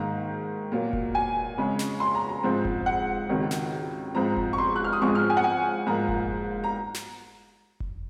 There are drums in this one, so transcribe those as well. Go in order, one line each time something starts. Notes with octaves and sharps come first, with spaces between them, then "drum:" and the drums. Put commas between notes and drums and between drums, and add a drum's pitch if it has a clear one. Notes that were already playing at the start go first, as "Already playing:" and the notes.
Already playing: G#2 D#3 A#3 A#5
A#2 F#3 A#3
drum: kick F1
G#5
F2 C#3 G#3
drum: snare
C6
A#5
A#5
G#2 F3 C4
drum: kick F1
F#5
C#2 C3 D#3 F#3
drum: snare
G#2 F3 C4 A#5
drum: kick F1
C#6
C6
F#6
F6
D#6
G#2 F3 G#3 C4 C#6
F6
G#5
F#5
G#5
G#2 F3 A#3 A#5
drum: kick F1
A#5
drum: snare
drum: kick F1